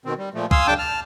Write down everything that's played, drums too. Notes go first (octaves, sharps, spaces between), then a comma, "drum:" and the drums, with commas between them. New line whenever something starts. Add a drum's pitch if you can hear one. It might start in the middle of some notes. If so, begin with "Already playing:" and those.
B2 D#3 C4
G3
A#2 F3 A3
F5 G#5 C6 D#6 E6, drum: kick
F#2 C#3 D4 G5 A5 D6
A5 F6